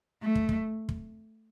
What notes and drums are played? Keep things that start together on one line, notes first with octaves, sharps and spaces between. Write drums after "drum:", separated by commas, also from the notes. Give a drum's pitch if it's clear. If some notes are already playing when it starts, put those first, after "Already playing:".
A3
drum: kick
drum: kick
drum: kick